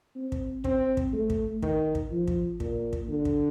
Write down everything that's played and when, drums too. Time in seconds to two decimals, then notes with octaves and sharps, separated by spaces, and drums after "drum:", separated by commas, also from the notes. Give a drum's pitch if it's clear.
0.16 C4
0.32 drum: kick
0.64 C4, drum: kick
0.97 drum: kick
1.13 A3
1.30 drum: kick
1.62 D#3, drum: kick
1.95 drum: kick
2.11 F3
2.28 drum: kick
2.60 A#2, drum: kick
2.93 drum: kick
3.09 D3
3.25 drum: kick